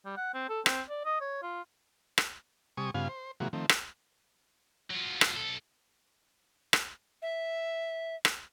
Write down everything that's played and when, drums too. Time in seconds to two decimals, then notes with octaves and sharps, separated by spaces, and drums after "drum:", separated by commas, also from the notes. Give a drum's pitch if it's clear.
0.05 G3
0.17 F#5
0.34 C4
0.49 A4
0.66 C4, drum: rim click
0.89 D5
1.05 D#5
1.21 C#5
1.42 F4
2.18 drum: rim click
2.77 C3 G3 G#5 C#6 D#6
2.94 G2 C#3 B3 F4 F5 G#5
3.09 C5
3.40 C3 E3 F3 G#3 A#3 F#4
3.53 D#3 F3 A3 C4
3.69 drum: rim click
4.90 F#3 F4
5.21 drum: rim click
5.34 B1 A4
6.73 drum: rim click
7.22 E5
8.25 drum: rim click